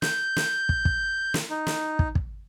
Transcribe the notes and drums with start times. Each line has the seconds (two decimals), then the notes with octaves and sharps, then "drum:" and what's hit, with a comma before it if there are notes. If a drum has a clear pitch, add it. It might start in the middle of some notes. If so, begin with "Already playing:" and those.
0.02 G6, drum: snare
0.36 drum: snare
0.69 drum: kick
0.85 drum: kick
1.34 drum: snare
1.50 D#4
1.67 drum: snare
1.99 drum: kick
2.15 drum: kick